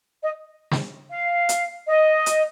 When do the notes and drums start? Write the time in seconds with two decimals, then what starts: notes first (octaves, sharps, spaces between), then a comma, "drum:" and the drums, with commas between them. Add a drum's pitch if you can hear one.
0.23 D#5
0.71 drum: snare
1.10 F5
1.49 drum: hi-hat
1.88 D#5
2.26 drum: hi-hat